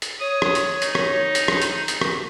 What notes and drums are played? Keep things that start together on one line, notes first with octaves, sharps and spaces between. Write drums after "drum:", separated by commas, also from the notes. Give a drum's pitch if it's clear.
drum: hi-hat
C#5 D#6
drum: rim click
drum: hi-hat
D#4, drum: hi-hat
drum: rim click
drum: hi-hat
drum: rim click
drum: hi-hat
drum: hi-hat
drum: rim click